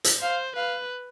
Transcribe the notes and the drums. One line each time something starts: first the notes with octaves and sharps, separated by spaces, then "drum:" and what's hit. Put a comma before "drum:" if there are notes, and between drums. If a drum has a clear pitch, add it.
drum: hi-hat
C5 F5
B4 F5